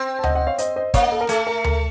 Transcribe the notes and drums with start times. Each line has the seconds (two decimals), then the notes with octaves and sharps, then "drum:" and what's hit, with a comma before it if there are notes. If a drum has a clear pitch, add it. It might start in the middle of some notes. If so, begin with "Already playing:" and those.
Already playing: C4
0.19 A5
0.24 D#5 F#5, drum: tom D2
0.35 D#5 F#5
0.47 C#5 F5
0.58 C5 D#5, drum: hi-hat
0.76 C5 D#5
0.94 A#3 C#5 F5, drum: kick, hi-hat
1.03 D#5 F#5
1.12 A4
1.21 A#4
1.29 A3 A4, drum: hi-hat
1.47 A#4
1.64 A#4, drum: tom D2